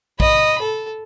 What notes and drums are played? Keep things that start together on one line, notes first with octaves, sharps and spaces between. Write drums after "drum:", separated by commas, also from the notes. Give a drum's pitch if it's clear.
D#5 B5, drum: kick
A4